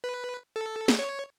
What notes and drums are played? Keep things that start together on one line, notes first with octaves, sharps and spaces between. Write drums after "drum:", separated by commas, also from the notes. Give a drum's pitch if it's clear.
B4
A4
drum: snare
C#5